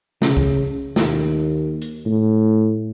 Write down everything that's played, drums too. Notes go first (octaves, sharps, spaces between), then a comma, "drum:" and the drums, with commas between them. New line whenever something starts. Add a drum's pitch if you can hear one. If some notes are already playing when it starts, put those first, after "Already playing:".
C#3, drum: snare
drum: kick
D#2, drum: snare
drum: hi-hat
A2